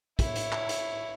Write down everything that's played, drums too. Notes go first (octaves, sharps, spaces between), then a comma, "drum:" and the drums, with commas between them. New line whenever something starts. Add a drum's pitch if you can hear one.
E4 C#5, drum: kick, hi-hat
drum: hi-hat
drum: clap
drum: hi-hat